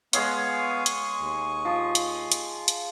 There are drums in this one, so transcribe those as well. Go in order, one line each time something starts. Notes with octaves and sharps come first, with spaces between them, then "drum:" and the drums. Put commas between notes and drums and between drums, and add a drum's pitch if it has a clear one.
G#3 B3 G#4 C#5 F5, drum: hi-hat
C#6 D#6
drum: hi-hat
D#2
F3
drum: hi-hat
drum: hi-hat
drum: hi-hat